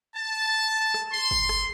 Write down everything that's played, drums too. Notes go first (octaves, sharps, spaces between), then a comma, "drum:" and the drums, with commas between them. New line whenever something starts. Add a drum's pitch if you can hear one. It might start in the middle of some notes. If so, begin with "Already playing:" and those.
A5
drum: rim click
C6
drum: kick G1
drum: rim click